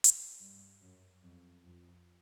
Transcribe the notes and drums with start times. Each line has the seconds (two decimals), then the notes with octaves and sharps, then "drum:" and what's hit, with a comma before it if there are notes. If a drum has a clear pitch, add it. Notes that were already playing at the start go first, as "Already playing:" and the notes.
0.04 drum: hi-hat
0.40 G2
0.81 F#2
1.24 F2
1.66 F2